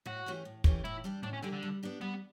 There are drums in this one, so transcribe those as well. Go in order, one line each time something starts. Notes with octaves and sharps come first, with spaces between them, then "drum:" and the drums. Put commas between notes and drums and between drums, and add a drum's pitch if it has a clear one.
A2 F#4
E3 A3 C#4 G4
A2
E3 A3 C#4 G4, drum: kick
A2 E4
G3 D4 G4
A2 D4
C#4
D3 G3 D4 G4
D3
G3
B3 D4 G4
G3 B3